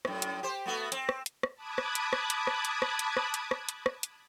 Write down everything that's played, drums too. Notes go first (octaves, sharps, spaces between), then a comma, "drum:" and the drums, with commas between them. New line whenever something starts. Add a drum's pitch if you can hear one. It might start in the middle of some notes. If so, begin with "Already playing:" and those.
F#2 A2, drum: rim click
drum: hi-hat
G4 C5
A3 B3 F#4
C4, drum: hi-hat
drum: rim click
drum: hi-hat
drum: rim click
A5 B5 D6 D#6 F#6 G#6
drum: rim click
drum: hi-hat
drum: rim click
drum: hi-hat
drum: rim click
drum: hi-hat
drum: rim click
drum: hi-hat
drum: rim click
drum: hi-hat
drum: rim click
drum: hi-hat
drum: rim click
drum: hi-hat